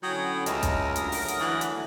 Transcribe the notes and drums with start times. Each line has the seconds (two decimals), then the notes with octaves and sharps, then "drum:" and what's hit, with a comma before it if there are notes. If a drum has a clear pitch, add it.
0.03 D3 F#3 C#4 E4 G5 D#6
0.46 C#2 A#4 D#5 E5 A5, drum: hi-hat
0.63 drum: kick, hi-hat
0.96 D3 F#3 A3 D#6, drum: hi-hat
1.12 drum: open hi-hat
1.28 drum: hi-hat
1.40 E3
1.61 drum: hi-hat